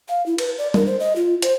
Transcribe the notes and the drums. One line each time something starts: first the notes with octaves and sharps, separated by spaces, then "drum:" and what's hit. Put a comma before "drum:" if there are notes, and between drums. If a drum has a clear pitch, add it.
F5
E4
B4, drum: cymbal
D5
A#4, drum: tom G3
C5
D#5
F4
C5, drum: hi-hat